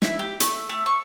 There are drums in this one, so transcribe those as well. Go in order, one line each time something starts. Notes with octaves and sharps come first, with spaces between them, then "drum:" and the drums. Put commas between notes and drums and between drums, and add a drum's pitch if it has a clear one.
E4, drum: snare
G4
A3, drum: hi-hat
A3
C#6